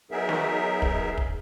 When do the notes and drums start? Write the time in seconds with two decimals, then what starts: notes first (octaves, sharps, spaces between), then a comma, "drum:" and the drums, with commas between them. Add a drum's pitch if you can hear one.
0.11 F#3 B3 D#4 G#4 A#4 E5
0.29 drum: snare
0.82 drum: kick
1.18 drum: kick